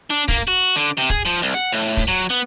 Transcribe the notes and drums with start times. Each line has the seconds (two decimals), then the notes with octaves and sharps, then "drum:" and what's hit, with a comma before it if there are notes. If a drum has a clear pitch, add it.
0.10 D4
0.28 A#3, drum: kick, open hi-hat
0.48 F#4
0.76 D3
0.98 C3
1.10 G#4, drum: kick, hi-hat
1.25 F3
1.42 C2
1.54 F#5, drum: hi-hat
1.72 A2
1.97 drum: kick, open hi-hat
2.08 F#3
2.30 B3